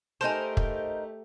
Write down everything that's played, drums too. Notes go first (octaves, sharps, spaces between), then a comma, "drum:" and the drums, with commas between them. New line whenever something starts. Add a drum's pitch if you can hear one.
A3 D#4 G4 A#4 C5 G#5 A5
drum: kick